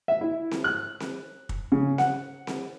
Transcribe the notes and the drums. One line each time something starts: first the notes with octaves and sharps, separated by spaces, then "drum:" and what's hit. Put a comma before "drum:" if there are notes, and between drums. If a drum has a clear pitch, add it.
E5
E4
drum: snare C4
F#6
drum: snare C4
drum: kick
C#3
F#5, drum: snare C4
drum: snare C4